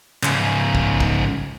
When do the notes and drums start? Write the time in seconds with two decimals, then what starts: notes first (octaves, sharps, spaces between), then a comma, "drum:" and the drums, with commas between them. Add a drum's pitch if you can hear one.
0.23 G#2 C#3, drum: clap
0.75 drum: kick
1.00 drum: kick